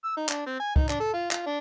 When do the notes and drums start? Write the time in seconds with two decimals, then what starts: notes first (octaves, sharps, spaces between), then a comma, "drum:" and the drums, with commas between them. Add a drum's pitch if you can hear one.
0.04 E6
0.17 D#4
0.29 D4, drum: clap
0.47 C4
0.60 G#5
0.76 D#4, drum: kick
0.89 D4, drum: clap
1.00 A4
1.14 F4
1.31 F4, drum: clap
1.47 D4